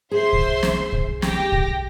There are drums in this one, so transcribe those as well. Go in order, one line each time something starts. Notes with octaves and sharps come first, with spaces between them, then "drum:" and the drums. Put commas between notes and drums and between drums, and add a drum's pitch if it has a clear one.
G#4 C5 E5 C6
drum: kick
drum: snare
drum: kick
G4 A#6, drum: snare
drum: kick